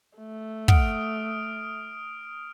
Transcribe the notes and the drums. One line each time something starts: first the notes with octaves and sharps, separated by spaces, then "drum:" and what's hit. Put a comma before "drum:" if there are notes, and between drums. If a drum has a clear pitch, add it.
A3
F#5 D#6 F6 D7, drum: kick